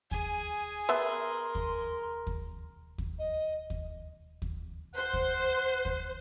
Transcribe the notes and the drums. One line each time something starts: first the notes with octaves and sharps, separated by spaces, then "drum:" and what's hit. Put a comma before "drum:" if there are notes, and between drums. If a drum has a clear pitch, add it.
G#4 G#5, drum: kick
B3 A#4 E5 C6
drum: kick
drum: kick
drum: kick
D#5
drum: kick
drum: kick
C5 F#5
drum: kick
drum: kick